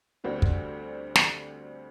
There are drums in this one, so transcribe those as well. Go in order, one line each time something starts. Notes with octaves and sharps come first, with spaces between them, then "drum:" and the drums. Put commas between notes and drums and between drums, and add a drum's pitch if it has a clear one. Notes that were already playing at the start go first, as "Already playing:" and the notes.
D2 D3 G3 C4 F#4
drum: kick
drum: snare